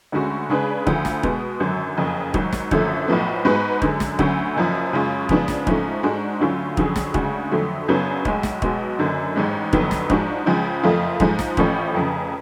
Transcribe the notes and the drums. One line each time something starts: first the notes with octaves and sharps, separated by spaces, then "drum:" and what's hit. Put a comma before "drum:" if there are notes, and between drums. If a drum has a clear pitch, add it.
D2 D3 G#3 C#4 F#4
C#3 G#3 D4 G#4 B4
D2 D3 F3, drum: kick
drum: snare
B2 G#3 B3, drum: kick
G#1 F#2 D3 F#3
F#1 F2 C#3
G#1 G#2 F#3, drum: kick
drum: snare
G#1 F#2 D3 F3 A3, drum: kick
B1 A2 F3 B3
G#2 G#3 B3 F#4 B4
F#2 D3 G#3, drum: kick
drum: snare
D2 D3 F#3 C#4, drum: kick
F#1 F#2 F3
F#2 C#3 G#3 C#4 F4
C#3 F3 G#3 B3 D4, drum: kick
drum: snare
G#2 F3 A3 C#4, drum: kick
G#2 G#3 D4 F#4
D2 D3 F#3 C#4 F4
F2 D3 F#3 C#4 G#4, drum: kick
drum: snare
D2 C#3 G#3 D4 F#4, drum: kick
F2 D3 F#3 A3
F#2 C#3 F#3 B3 D4
B1 A2 G#3, drum: kick
drum: snare
B1 B2 G#3, drum: kick
F#1 F#2 D3
A1 G#2 G#3
F1 F2 D3 F#3 B3, drum: kick
drum: snare
G#2 F3 G#3 D4 F#4, drum: kick
C#2 C#3 F3 G#3
F#1 F2 F3 A3 F4
G#2 F3 G#3, drum: kick
drum: snare
A1 A2 F3 A3 C#4, drum: kick
F1 F2 C#3